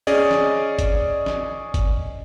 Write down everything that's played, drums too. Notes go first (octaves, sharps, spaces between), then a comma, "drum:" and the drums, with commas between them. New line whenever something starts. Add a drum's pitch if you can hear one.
C#4 G#4 D5 D#5
drum: snare
drum: kick G1, hi-hat
drum: snare
drum: kick G1, hi-hat